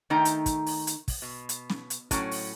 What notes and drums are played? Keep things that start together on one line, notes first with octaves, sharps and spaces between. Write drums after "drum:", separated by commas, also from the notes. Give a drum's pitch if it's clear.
D#3 A3 D#4 G5 A#5
drum: hi-hat
drum: kick, hi-hat
drum: open hi-hat
drum: hi-hat
drum: kick, open hi-hat
B2
drum: hi-hat
drum: snare
drum: hi-hat
A2 F#3 C#4, drum: kick, hi-hat
drum: open hi-hat